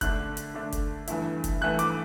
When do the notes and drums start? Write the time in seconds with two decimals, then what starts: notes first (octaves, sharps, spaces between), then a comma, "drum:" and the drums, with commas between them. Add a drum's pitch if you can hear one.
0.01 D3 A3 D4 F#6, drum: kick F1, hi-hat
0.37 drum: hi-hat
0.54 D3 A3 D4
0.72 drum: kick F1, hi-hat
1.07 G2 E3 A3 E4, drum: hi-hat
1.44 drum: kick F1, hi-hat
1.61 G2 E3 A3 E4 F#6
1.79 D6, drum: hi-hat